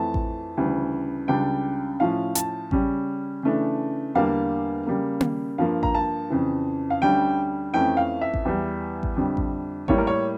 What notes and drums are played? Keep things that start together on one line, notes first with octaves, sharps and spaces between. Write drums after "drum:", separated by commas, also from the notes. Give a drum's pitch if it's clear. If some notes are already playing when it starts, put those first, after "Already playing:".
Already playing: F2 E3 A3 A5
drum: kick A1
D2 C#3 E3 G3
C#2 C#3 G3 D4 G5
A2 F3 C#4 F5
A5, drum: hi-hat
C#3 G3 C#4, drum: kick A1
C#3 E3 A3 D4
E2 D3 G3 A#3 D4 F5
C#3 G3 A#3
drum: tom A#3
G2 F3 A#3 F5
A#5, drum: kick A1
A5
F2 C#3 E3
F5
D2 D3 G3 C#4 G5
F2 E3 A3 C#4 G5
F5
E5
drum: kick A1
E2 E3 G3
drum: kick A1
F2 D3 G3
drum: kick A1
A2 G3 A#3 C#5, drum: kick A1
A#4
C#5